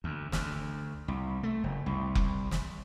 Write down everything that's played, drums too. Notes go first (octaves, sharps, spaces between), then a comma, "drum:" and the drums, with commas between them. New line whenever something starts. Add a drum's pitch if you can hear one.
D2
D2, drum: snare
C2
A3
F#1
C2
drum: kick F1
drum: snare